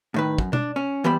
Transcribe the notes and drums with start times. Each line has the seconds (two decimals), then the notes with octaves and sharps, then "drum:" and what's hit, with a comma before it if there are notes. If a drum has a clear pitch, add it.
0.14 A2 D#3 B4
0.38 F#2, drum: kick
0.53 D4, drum: tom B2
0.76 C#4
1.04 E3 G3 B3 G4 C5 B5